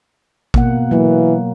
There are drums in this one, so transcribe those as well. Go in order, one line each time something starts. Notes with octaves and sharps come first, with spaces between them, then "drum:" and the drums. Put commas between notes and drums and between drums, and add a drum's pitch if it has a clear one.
B2 A#3 F#5, drum: kick A1
E3 F#3 A#3